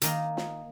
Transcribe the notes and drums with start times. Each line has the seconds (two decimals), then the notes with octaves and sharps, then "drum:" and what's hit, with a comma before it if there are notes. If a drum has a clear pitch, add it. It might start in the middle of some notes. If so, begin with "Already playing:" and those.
0.02 D#3 A#3 D#4, drum: hi-hat
0.37 drum: snare